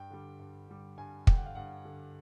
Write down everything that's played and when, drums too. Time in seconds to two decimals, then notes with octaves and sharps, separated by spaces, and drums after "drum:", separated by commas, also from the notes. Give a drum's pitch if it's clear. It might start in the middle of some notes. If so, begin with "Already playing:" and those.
Already playing: G2 G5
0.11 D3 G3
0.40 G2
0.69 D3 G3
0.97 G2 G#5
1.27 D3 G3 G5, drum: kick
1.37 F#5
1.46 F5
1.55 G2 F#5
1.85 D3 G3